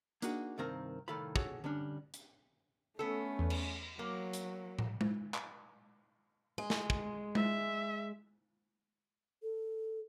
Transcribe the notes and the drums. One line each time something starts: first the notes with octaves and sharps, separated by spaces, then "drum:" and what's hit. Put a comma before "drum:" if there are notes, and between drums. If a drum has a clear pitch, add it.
A#3 D4 D#4 F#4 G#4, drum: hi-hat
C2 G2 D#3 C4 A#4 F5
C2 A2 D#3 A4 F5 B5
F#4 G#4 A4 C#5, drum: kick
D3 G3 C#4 D4
drum: hi-hat
A3 B3 C#4 A4
E2
drum: cymbal
F#3 A#3
drum: hi-hat
drum: tom
drum: tom G#3
drum: clap
G#3
drum: snare
drum: kick
E5, drum: tom G#3
A4